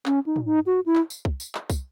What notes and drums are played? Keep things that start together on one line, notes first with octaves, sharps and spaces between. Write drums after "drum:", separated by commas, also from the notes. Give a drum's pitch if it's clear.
C#4, drum: clap
D#4
drum: tom
D#4
F#4
E4
drum: clap
drum: tambourine
drum: kick
drum: tambourine
drum: clap
drum: kick, tambourine